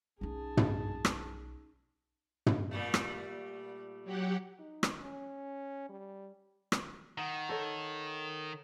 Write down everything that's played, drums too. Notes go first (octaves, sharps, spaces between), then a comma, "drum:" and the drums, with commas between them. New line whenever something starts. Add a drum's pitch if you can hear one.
B1 C#4 D#4 G#4 A5
drum: tom
drum: rim click
drum: tom
A#2 G3 A3
drum: rim click
F#3 G4 F#5
D#4
drum: rim click
C#4
G3
drum: rim click
D#3 F#5
A4 C#5 E7